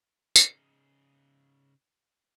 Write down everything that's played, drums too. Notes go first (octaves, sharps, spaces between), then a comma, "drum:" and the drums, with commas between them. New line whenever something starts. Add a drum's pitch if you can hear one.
drum: tambourine
C#3 D#4